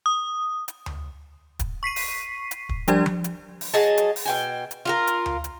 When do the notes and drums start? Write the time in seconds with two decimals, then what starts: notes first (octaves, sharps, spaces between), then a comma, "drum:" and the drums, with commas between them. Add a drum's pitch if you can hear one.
0.06 D#6
0.68 drum: hi-hat
0.86 drum: tom D2
1.59 drum: kick, hi-hat
1.83 C#6 B6 C7 D#7
1.96 drum: open hi-hat
2.51 drum: hi-hat
2.69 drum: kick
2.88 F3 G3 D4 G4 D5 G#6, drum: hi-hat
3.06 drum: tom F3
3.24 drum: hi-hat
3.61 drum: open hi-hat
3.74 F#3 G#4 D#5 A5
3.97 drum: hi-hat
4.16 drum: open hi-hat
4.26 B2 G5 G#5
4.71 drum: hi-hat
4.85 F4 F#4 A#4
5.07 drum: hi-hat
5.26 drum: tom D2
5.44 drum: hi-hat